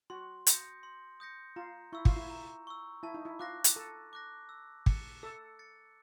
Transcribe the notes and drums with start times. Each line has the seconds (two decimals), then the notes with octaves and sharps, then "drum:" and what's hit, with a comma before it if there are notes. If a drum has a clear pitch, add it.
0.10 F#4 C6
0.47 D#6 G6 A#6 C#7, drum: hi-hat
0.83 C6
1.20 D#6 G6 A#6 C#7
1.56 F4 A#5
1.93 E4 C#6 E6
2.05 F4, drum: kick
2.16 E4
2.30 A#5
2.67 C#6 E6
3.03 E4 A5
3.14 D#4
3.25 E4
3.39 F4 D6 F#6 A#6
3.64 drum: hi-hat
3.76 A4 A5
4.13 D6 F#6 A#6
4.49 E6
4.86 A6 C#7, drum: kick
5.23 A4 E6
5.59 A6 C#7